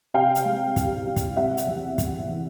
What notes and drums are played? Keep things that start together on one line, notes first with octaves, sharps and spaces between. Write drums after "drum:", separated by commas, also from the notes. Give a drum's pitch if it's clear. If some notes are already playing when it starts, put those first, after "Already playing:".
C3 F5 G5
drum: hi-hat
G#3
C2, drum: kick, hi-hat
C3
drum: kick, hi-hat
C3 E5 F#5
drum: hi-hat
E2
E2, drum: kick, hi-hat
E3